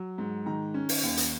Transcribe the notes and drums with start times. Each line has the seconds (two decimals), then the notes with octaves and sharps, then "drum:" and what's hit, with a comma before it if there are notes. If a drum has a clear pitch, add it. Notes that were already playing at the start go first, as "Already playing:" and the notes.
Already playing: F#3
0.18 G#2
0.46 D#3 A#5
0.74 C#4
0.89 drum: open hi-hat
1.03 D#2
1.17 drum: hi-hat